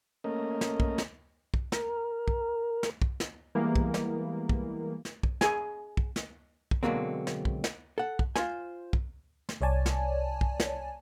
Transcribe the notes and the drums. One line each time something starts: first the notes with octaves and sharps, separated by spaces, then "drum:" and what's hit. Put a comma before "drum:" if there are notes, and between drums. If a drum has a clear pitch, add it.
A3 A#3 C#4 A#4 D#5
drum: snare
drum: kick
drum: snare
drum: kick
A#4, drum: snare
drum: kick
drum: snare
drum: kick
drum: snare
E3 G3 G#3 A#3 B3
drum: kick
drum: snare
drum: kick
drum: snare
drum: kick
G#4 G#5, drum: snare
drum: kick
drum: snare
drum: kick
B2 D3 F#3 G#3 A#3 C4
drum: snare
drum: kick
drum: snare
A4 F#5
drum: kick
F4 C5 G#5, drum: snare
drum: kick
drum: snare
C2 C#5 D5 G#5 A5
drum: snare
drum: kick
drum: snare